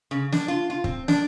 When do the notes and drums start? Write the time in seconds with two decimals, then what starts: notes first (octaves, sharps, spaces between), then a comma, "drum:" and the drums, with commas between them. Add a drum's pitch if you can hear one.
0.11 C#3
0.32 D4, drum: snare
0.48 F4
0.70 F4
0.84 C4, drum: kick
1.08 D4, drum: snare